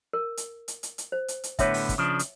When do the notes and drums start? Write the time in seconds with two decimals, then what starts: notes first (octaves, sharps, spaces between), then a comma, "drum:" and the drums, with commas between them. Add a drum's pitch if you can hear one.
0.13 A#4
0.37 drum: hi-hat
0.68 drum: hi-hat
0.83 drum: hi-hat
0.98 drum: hi-hat
1.12 C5
1.28 drum: hi-hat
1.44 drum: hi-hat
1.59 A2 D3 B3 C#5 E5, drum: kick, hi-hat
1.74 drum: open hi-hat
1.89 drum: kick, hi-hat
1.98 C#3 F3 D4
2.19 drum: hi-hat